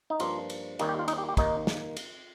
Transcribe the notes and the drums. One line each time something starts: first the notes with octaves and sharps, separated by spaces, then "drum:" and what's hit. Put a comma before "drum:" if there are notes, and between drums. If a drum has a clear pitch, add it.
D#4
G2 F3 A#3 F4, drum: cymbal
drum: cymbal
D#2 D#3 G3 A#3 D#4, drum: cymbal
G4
F4
D#4, drum: cymbal
G4
G4
D#2 D#3 A#3 D#4, drum: kick, cymbal
drum: snare
drum: cymbal